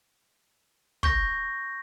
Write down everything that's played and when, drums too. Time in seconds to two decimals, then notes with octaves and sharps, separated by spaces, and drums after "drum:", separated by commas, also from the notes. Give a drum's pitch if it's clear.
1.03 C#6 G6 A#6, drum: kick